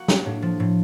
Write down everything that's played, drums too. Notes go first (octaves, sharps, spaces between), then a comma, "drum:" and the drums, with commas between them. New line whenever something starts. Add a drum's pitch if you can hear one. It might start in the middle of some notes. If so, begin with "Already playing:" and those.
Already playing: A#3 F#4
D4, drum: snare
A2
F3
A2